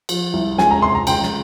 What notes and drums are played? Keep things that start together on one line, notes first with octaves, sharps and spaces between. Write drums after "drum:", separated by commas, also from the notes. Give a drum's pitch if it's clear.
F3, drum: cymbal
C2
C#2 G#5, drum: snare
A#5
C3 C6
A#5
C#2 G5, drum: cymbal
drum: snare